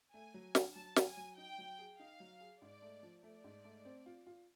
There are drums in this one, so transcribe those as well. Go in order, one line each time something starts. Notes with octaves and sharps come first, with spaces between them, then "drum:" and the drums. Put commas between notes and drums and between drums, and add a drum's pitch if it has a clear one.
A3 G#5
F#3
D4, drum: snare
F#3 A5
F#3, drum: snare
G#5
F#3
D#4 G5
F#3
G#4
D#4 F5
F#3
G#4
G#2 D5
A3
F3
A3 D5
G#2
A3
C4
F4
F4